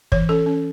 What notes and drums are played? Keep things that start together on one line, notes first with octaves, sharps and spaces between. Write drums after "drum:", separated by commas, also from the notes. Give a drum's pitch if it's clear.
E3 C#5, drum: kick
C#4 A4
C#4